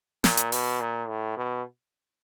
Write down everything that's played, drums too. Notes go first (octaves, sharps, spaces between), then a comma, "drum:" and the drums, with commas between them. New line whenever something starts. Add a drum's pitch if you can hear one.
A#2, drum: snare
drum: hi-hat
B2, drum: open hi-hat
A#2
A2
B2